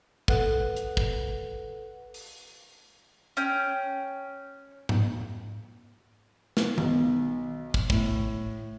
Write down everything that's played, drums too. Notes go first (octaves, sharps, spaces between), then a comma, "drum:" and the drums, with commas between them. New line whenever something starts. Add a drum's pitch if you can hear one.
A4 B4 F#5 F#6, drum: kick
drum: hi-hat
drum: kick
drum: open hi-hat
C#4 G5, drum: hi-hat
drum: tom G#2
drum: snare
B1, drum: tom D#3
drum: kick
A2, drum: kick